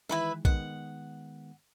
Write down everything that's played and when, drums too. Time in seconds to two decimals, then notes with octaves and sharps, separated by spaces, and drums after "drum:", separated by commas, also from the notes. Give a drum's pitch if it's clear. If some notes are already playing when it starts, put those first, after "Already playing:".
0.09 D#3 E3 G#3 E4 B4 E5
0.45 D#3 G#3 B3 F#5, drum: kick A#1